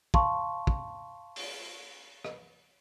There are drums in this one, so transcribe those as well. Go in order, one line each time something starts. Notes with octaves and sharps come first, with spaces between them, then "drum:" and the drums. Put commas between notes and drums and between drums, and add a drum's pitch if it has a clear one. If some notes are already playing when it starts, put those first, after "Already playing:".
F5 A5 C6 C#6, drum: kick
drum: kick
drum: open hi-hat
drum: rim click